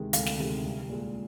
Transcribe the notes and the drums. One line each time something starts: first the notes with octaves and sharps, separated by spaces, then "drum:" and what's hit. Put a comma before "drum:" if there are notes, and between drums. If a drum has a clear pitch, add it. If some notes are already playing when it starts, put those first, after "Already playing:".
Already playing: D2 C3 D#3 G#3
D2 F5, drum: hi-hat
drum: snare
C3 D#3 G#3
C2
A#2 G#3